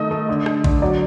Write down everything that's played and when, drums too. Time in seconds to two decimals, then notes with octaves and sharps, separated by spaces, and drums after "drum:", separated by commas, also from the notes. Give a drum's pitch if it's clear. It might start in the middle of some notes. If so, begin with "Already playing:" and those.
Already playing: D#3 A3 D#5
0.11 A3
0.29 D3
0.46 D3, drum: rim click
0.64 D3, drum: kick
0.82 F#3 D5